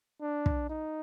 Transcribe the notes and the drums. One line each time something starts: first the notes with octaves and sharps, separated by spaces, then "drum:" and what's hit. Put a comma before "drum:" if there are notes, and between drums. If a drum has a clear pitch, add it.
D4
drum: kick
D#4